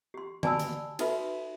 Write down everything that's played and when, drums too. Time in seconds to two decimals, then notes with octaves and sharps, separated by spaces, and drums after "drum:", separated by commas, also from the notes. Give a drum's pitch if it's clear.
0.14 G4 C6
0.43 D5 G#5 A5 B5 E6, drum: tom D3
0.59 drum: hi-hat
0.99 D#4 F#4 A4 B4 E5 B5, drum: cymbal